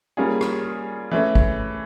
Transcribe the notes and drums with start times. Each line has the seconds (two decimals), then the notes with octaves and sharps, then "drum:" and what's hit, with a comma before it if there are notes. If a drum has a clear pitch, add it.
0.17 G3 A#3 C#4 F4 G#4
0.41 drum: rim click
1.11 E3 A3 C#4
1.35 drum: kick